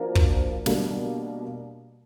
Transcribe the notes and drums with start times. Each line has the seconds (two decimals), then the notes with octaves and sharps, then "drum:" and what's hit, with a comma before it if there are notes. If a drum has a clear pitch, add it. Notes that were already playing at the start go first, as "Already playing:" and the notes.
Already playing: F3 A#3 D4 F#4 A#4
0.15 drum: kick
0.66 B2 G3 A#3 D4 F#4, drum: snare